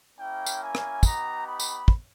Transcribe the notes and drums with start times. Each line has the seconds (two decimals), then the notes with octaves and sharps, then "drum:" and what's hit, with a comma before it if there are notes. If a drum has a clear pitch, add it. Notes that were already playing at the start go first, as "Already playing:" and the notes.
0.18 A#3 C#4 E4 G5
0.46 drum: tambourine
0.61 G#5
0.75 drum: rim click
1.03 B3 D#4 G4 A#5, drum: kick, tambourine
1.45 B5
1.60 drum: tambourine
1.88 drum: kick